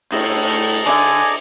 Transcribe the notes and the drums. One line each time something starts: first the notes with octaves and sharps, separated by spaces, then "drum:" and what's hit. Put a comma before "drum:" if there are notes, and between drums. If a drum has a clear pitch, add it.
A2 E4 A4 D#5 A#5, drum: cymbal
D3 D5 E5 G#5, drum: hi-hat